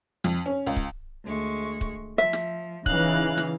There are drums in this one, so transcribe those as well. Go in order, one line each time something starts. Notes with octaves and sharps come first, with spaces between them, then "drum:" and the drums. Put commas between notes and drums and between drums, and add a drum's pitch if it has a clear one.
F2, drum: snare
C#4
C#2
drum: kick
D2 G#3 C#6
drum: kick
F3 E5
drum: snare
C#3 E3 D#4 F5 F#6, drum: kick
drum: snare